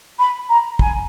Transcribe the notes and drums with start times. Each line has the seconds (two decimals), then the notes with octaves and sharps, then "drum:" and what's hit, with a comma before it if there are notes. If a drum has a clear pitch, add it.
0.19 B5
0.49 A#5
0.79 G#5, drum: kick